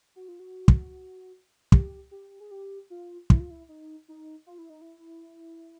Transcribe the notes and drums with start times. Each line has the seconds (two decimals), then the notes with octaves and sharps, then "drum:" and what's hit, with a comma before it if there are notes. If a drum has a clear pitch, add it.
0.16 F#4
0.28 F4
0.40 F#4
0.68 drum: kick
1.72 G4, drum: kick
2.11 G4
2.40 G#4
2.51 G4
2.90 F4
3.30 E4, drum: kick
3.40 F4
3.50 E4
3.68 D#4
4.08 D#4
4.46 F4
4.58 E4
4.70 D#4
4.81 E4